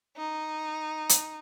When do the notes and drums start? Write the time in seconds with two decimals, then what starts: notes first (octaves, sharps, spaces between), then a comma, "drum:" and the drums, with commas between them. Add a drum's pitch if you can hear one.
0.17 D#4
1.09 drum: hi-hat